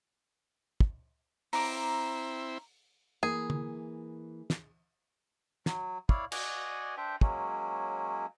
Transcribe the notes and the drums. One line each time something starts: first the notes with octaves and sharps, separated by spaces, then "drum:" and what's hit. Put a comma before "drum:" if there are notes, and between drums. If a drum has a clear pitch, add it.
drum: kick
C4 E4 A#5 D6, drum: open hi-hat
E3 A#3 G#4
drum: tom D3
drum: snare
F#3, drum: snare
E4 C#5 D5 F5, drum: kick
F#4 D5 D#5 G#5, drum: cymbal
D4 C5 E5 G5
F#3 G#3 A#3 C#4, drum: kick